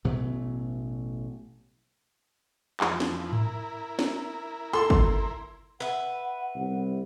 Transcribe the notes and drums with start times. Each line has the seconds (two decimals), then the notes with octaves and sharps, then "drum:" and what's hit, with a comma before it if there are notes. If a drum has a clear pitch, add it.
0.04 A1 B2 F#3 A3
2.80 F2 E3 F3, drum: clap
3.00 drum: snare
3.33 E4 A#4, drum: tom G#2
3.99 drum: snare
4.73 A4 C6
4.90 drum: kick
5.80 B4 E5 F#5
6.55 C2